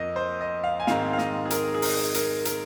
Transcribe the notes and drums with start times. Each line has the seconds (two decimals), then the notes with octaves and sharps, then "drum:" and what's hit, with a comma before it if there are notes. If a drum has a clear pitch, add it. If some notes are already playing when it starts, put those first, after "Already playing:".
Already playing: F2 F3 A#3 D#5
0.16 C5
0.41 D#5
0.64 F5
0.80 G#5
0.87 G#2 D#3 C4 F5, drum: snare
1.13 F5
1.18 D#5, drum: snare
1.46 G#4
1.50 A#4, drum: hi-hat
1.74 G#4
1.82 A#4, drum: open hi-hat
2.14 A#4, drum: hi-hat
2.45 A#4, drum: hi-hat